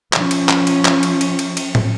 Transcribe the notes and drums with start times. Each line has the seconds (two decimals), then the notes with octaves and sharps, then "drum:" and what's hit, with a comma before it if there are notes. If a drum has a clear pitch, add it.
0.13 F3 C#4, drum: clap
0.31 drum: cymbal
0.49 drum: clap
0.67 drum: cymbal
0.85 drum: clap
1.03 drum: cymbal
1.21 drum: cymbal
1.39 drum: cymbal
1.57 drum: cymbal
1.75 drum: tom A2